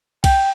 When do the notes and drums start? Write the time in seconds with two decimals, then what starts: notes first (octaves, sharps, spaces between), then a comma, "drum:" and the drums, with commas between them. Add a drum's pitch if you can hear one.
0.24 G5, drum: kick B1, cymbal